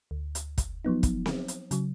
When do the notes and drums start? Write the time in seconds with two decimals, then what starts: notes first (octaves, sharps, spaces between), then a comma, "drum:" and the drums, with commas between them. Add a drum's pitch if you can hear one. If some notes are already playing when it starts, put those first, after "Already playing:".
0.11 D2
0.35 drum: hi-hat
0.58 drum: kick, hi-hat
0.85 F3 F#3 B3 D#4
1.03 drum: kick, hi-hat
1.26 drum: snare C4
1.48 drum: hi-hat
1.71 C#3 F#3, drum: hi-hat